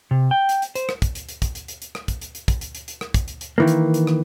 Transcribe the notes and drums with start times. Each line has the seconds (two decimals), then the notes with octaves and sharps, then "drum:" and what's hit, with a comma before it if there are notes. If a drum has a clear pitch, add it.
0.11 C3
0.31 G5
0.49 drum: hi-hat
0.62 drum: hi-hat
0.75 C5, drum: hi-hat
0.89 drum: rim click
1.02 drum: kick, hi-hat
1.15 drum: hi-hat
1.29 drum: hi-hat
1.42 drum: kick, hi-hat
1.55 drum: hi-hat
1.68 drum: hi-hat
1.82 drum: hi-hat
1.95 drum: rim click
2.08 drum: kick, hi-hat
2.22 drum: hi-hat
2.35 drum: hi-hat
2.48 drum: kick, hi-hat
2.61 drum: hi-hat
2.75 drum: hi-hat
2.88 drum: hi-hat
3.01 drum: rim click
3.14 drum: kick, hi-hat
3.28 drum: hi-hat
3.41 drum: hi-hat
3.58 D#3 E3 A#3
3.68 drum: hi-hat
3.94 drum: hi-hat
4.07 drum: rim click